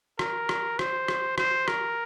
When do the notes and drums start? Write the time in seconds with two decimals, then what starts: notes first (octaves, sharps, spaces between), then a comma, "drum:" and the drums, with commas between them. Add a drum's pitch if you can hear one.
0.19 A#4, drum: rim click
0.49 drum: rim click
0.79 C5, drum: rim click
1.08 drum: rim click
1.38 C5, drum: rim click
1.68 A#4, drum: rim click